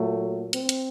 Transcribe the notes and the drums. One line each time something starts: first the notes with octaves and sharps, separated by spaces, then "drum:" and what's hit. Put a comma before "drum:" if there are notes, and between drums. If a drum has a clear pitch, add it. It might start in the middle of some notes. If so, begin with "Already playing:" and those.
Already playing: A#2 F#3 A3
C4, drum: hi-hat
drum: hi-hat